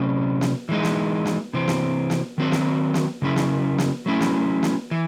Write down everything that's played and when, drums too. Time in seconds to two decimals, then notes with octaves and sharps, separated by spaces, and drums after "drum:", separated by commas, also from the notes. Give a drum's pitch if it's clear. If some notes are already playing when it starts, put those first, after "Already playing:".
Already playing: C3 F#3 C#4
0.41 drum: snare
0.69 E3 G#3 D#4
0.83 drum: snare
1.25 drum: snare
1.53 C3 E3 C4
1.68 drum: snare
2.10 drum: snare
2.38 D#3 F#3 C4 F#4
2.52 drum: snare
2.94 drum: snare
3.22 C#3 F#3 C#4 E4
3.36 drum: snare
3.78 drum: snare
4.06 F#3 A3 C#4 E4
4.21 drum: snare
4.63 drum: snare
4.91 E3